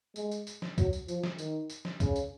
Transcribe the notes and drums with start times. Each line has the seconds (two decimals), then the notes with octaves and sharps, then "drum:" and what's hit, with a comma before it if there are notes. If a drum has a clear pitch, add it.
0.16 G#3, drum: tambourine
0.31 drum: tambourine
0.47 drum: tambourine
0.62 drum: snare
0.78 F#3, drum: kick, tambourine
0.93 drum: tambourine
1.08 F3, drum: tambourine
1.24 drum: snare
1.38 D#3, drum: tambourine
1.70 drum: tambourine
1.85 drum: snare
2.00 C#3, drum: kick, tambourine
2.16 drum: tambourine